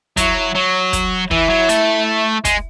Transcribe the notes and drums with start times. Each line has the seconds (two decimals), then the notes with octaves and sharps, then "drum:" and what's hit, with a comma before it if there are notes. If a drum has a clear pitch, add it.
0.17 F#3 E4, drum: kick, hi-hat
0.55 F#3
0.93 drum: kick, hi-hat
1.31 E3 E4, drum: kick
1.50 F#3
1.69 A3, drum: hi-hat
2.45 G#3, drum: kick, hi-hat